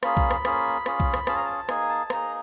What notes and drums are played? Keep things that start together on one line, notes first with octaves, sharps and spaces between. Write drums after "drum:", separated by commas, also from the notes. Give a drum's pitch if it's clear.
A#3 C#4 F4 G#4 B5, drum: rim click
drum: kick B1
drum: rim click
A#3 C#4 F4 G#4, drum: rim click
C#4 F4 G#4, drum: rim click
drum: kick B1
drum: rim click
C#4 F4 G#4 A5, drum: rim click
A#5
A5
A#3 D#4 G#4 G#5, drum: rim click
A5
A#3 D#4 G#4 A#5, drum: rim click